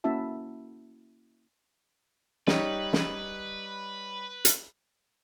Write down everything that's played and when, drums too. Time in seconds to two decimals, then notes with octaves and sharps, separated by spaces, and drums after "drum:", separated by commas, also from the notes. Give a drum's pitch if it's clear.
0.04 A#3 C#4 E4 F#4 E5 A5
2.47 G3 D#4 B4 C#5, drum: snare
2.93 drum: snare
4.45 drum: hi-hat